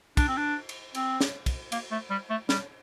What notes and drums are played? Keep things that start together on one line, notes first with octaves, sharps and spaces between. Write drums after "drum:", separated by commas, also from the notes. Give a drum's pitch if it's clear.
D4, drum: kick, cymbal
C4
D4
drum: cymbal
C4, drum: cymbal
drum: snare
drum: kick, cymbal
A#3, drum: cymbal
A3
G3
A3
G3, drum: snare